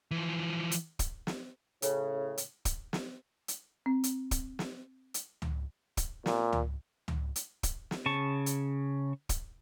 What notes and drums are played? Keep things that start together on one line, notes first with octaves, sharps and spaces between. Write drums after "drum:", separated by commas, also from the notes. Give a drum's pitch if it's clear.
E3 F3
drum: hi-hat
drum: kick, hi-hat
drum: snare
A2 C#3, drum: hi-hat
drum: hi-hat
drum: kick, hi-hat
drum: snare
drum: hi-hat
C4
drum: hi-hat
drum: kick, hi-hat
drum: snare
drum: hi-hat
drum: tom C#2
drum: kick, hi-hat
A#2, drum: snare
drum: tom C#2
drum: tom C#2
drum: hi-hat
drum: kick, hi-hat
drum: snare
C#3 A5 C#6
drum: hi-hat
drum: kick, hi-hat